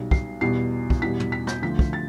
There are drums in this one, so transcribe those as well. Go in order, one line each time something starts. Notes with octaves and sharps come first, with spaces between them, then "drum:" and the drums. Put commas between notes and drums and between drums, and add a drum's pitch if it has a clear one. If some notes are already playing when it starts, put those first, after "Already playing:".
Already playing: B1 B2 G3
C7, drum: kick
E2 B2 G3 C7
drum: kick
E2 B2 G3 B6
drum: tom
B6
G6, drum: rim click
D2 D3 F3 B6
drum: kick
A6